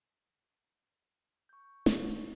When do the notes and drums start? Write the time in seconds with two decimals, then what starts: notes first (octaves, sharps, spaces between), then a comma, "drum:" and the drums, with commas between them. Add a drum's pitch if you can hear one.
1.49 C#6 G6
1.86 drum: snare